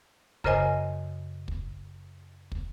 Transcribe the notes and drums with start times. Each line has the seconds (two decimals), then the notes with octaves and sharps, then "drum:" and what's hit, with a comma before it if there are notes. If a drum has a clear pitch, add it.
0.44 F#2 C#3 A#4 C5 D#5 G#5, drum: kick
1.48 drum: kick
2.52 drum: kick